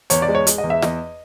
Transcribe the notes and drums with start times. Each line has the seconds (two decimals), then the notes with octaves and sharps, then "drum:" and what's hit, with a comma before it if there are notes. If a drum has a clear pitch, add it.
0.10 E2 C#5, drum: hi-hat
0.22 D5
0.29 G#3
0.35 C#5
0.47 G#3, drum: hi-hat
0.58 D#5
0.63 E2
0.70 E5
0.82 E2 D#5, drum: snare